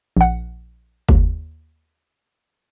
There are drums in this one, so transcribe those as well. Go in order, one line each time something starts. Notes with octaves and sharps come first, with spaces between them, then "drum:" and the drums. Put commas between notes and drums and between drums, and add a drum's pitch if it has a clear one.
A#1 F#5
D#2, drum: kick F#1